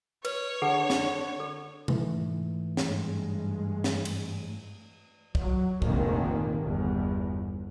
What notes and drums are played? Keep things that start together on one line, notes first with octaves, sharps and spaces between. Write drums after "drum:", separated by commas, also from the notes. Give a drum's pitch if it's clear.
B4 C#5, drum: cymbal
D3 G#4 A4 F#5
drum: snare
A4
G#2 E3 A3, drum: tom B2
G2 G#3, drum: snare
drum: snare
drum: cymbal
F#3, drum: kick
F1 A#1 G#2 D#3 A#3, drum: kick
G1 E2